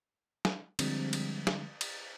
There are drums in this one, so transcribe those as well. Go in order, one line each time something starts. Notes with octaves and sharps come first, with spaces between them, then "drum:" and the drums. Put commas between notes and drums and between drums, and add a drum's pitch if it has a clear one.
drum: snare
D3 F3 G3 G#3 C4, drum: cymbal
drum: cymbal
drum: snare
drum: cymbal